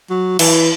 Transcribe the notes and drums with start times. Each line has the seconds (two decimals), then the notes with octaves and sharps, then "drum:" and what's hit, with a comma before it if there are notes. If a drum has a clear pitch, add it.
0.10 F#3
0.39 E3, drum: cymbal